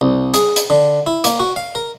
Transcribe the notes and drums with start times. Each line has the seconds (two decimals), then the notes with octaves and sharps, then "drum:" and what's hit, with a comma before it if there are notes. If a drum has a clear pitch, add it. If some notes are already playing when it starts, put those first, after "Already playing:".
0.01 C2
0.34 G#4, drum: hi-hat
0.56 drum: hi-hat
0.70 D3
1.06 E4
1.24 A#3, drum: hi-hat
1.40 F#4
1.56 F5
1.75 A#4